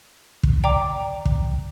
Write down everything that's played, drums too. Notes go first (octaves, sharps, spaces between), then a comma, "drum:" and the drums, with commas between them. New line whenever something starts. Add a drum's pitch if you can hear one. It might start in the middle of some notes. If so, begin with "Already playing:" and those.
drum: kick
D5 G5 A#5 D6
drum: kick